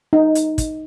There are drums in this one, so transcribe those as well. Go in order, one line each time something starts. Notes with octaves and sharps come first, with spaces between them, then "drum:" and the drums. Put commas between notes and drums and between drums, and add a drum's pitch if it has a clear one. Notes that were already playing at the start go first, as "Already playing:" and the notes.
D#4
drum: hi-hat
drum: kick, hi-hat